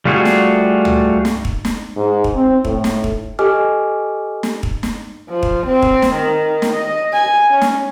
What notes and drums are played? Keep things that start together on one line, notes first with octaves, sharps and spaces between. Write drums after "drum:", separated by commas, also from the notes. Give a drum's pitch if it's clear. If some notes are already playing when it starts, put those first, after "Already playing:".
G3 A3 F4 F#4 G#4
drum: snare
drum: tom C#2
drum: snare
drum: kick
drum: snare
G#2
drum: kick
C4
A2, drum: kick
drum: snare
drum: kick
G4 A4 D#5 G#5 D6 F6
drum: snare
drum: kick
drum: snare
F3
drum: kick
C4
drum: kick
drum: snare
D#3
drum: snare
D#5
G#5
C#4
drum: snare